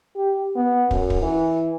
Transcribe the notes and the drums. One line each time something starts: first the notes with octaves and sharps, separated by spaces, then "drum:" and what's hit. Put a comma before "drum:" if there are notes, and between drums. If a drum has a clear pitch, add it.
G4
B3
F#2, drum: kick
drum: kick
E3